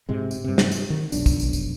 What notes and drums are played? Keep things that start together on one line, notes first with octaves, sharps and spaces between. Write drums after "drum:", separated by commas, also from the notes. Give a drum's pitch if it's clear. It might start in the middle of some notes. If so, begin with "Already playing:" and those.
G#2 C3 G#3
drum: tambourine
G2 C3
drum: snare
drum: tambourine
D#3
F1 B1 D4, drum: tambourine
drum: kick, tambourine
drum: tambourine
drum: tambourine